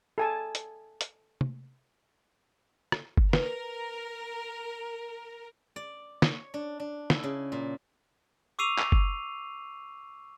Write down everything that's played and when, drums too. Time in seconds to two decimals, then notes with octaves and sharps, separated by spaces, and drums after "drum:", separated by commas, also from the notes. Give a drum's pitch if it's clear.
0.18 A4 G#5 A5
0.55 drum: hi-hat
1.01 drum: hi-hat
1.41 drum: tom
2.92 drum: rim click
3.17 drum: kick F#1
3.33 A#4 B4, drum: snare
5.76 D5
6.22 C#5, drum: snare
6.54 D4
6.80 D4
7.10 E4, drum: snare
7.23 C#3
7.52 A#2
8.59 C#6 D6 E6 C7 D#7 F7
8.78 drum: clap
8.92 drum: kick F#1